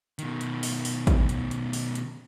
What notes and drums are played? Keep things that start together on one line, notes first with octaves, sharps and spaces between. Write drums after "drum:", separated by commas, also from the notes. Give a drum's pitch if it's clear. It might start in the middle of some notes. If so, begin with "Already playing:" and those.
B2 D#3, drum: hi-hat
drum: hi-hat
drum: open hi-hat
drum: open hi-hat
drum: kick, hi-hat
drum: hi-hat
drum: hi-hat
drum: open hi-hat
drum: hi-hat